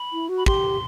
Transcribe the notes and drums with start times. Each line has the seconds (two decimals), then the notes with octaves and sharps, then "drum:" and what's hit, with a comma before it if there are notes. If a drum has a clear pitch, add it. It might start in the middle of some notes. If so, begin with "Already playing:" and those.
Already playing: B5
0.13 E4
0.29 F#4
0.37 B5
0.46 G4 C6, drum: kick